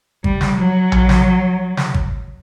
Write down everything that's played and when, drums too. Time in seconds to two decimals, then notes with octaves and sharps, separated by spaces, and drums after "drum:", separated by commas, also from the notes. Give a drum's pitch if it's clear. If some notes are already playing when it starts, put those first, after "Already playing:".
0.24 G3, drum: kick G#1
0.41 drum: snare
0.58 F#3
0.92 drum: tom A#1
1.09 drum: snare
1.77 drum: snare
1.94 drum: kick G#1